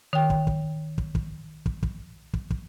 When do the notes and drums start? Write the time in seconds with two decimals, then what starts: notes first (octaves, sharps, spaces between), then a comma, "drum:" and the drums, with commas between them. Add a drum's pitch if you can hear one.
0.13 D#3 G5
0.30 drum: kick
0.47 drum: kick
0.98 drum: kick
1.15 drum: kick
1.66 drum: kick
1.83 drum: kick
2.34 drum: kick
2.50 drum: kick